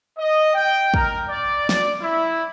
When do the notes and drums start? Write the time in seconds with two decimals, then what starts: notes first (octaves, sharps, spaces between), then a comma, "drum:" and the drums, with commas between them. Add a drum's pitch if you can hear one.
0.18 D#5
0.54 G5
0.94 A#4, drum: kick
1.29 D5
1.69 D5, drum: snare
2.00 E4